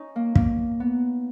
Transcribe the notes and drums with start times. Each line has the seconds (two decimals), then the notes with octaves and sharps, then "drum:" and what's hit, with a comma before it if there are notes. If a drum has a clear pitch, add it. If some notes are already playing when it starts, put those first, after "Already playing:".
Already playing: C#4 D#4
0.16 A#3
0.35 A#3, drum: kick
0.80 B3